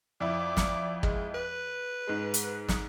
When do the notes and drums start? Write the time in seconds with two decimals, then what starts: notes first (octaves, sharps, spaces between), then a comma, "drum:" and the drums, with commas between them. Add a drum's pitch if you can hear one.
0.21 F2 E4 D5
0.57 drum: snare
1.03 G#3, drum: kick
1.34 B4
2.07 G#2 G#3
2.34 drum: hi-hat
2.69 drum: snare